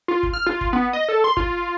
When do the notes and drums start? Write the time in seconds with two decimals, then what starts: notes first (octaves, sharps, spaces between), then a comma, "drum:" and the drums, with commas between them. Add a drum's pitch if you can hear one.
0.08 F4
0.23 drum: kick
0.33 F6
0.47 F4
0.61 drum: kick
0.73 B3
0.93 D#5
1.09 A4
1.24 C6
1.37 F4, drum: kick